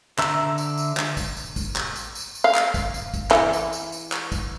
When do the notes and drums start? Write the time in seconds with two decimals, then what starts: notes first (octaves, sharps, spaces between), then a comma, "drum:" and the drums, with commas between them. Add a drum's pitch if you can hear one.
0.18 D3 E5 A#5 E6, drum: clap
0.58 drum: tambourine
0.78 drum: tambourine
0.97 drum: clap
1.17 drum: kick, tambourine
1.37 drum: tambourine
1.56 drum: kick, tambourine
1.76 drum: clap
1.96 drum: tambourine
2.15 drum: tambourine
2.35 drum: tambourine
2.44 F5
2.55 drum: clap
2.74 drum: kick, tambourine
2.94 drum: tambourine
3.14 drum: kick, tambourine
3.31 E3, drum: clap
3.53 drum: tambourine
3.73 drum: tambourine
3.92 drum: tambourine
4.12 drum: clap
4.32 drum: kick, tambourine